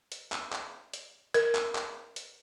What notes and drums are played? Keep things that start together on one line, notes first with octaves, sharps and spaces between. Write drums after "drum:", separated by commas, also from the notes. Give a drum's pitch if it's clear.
drum: hi-hat
drum: clap
drum: clap
drum: hi-hat
A#4, drum: hi-hat
drum: clap
drum: clap
drum: hi-hat